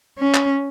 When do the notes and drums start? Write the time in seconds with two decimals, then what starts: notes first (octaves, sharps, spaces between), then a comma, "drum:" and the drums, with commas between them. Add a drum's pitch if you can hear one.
0.18 C#4
0.34 drum: clap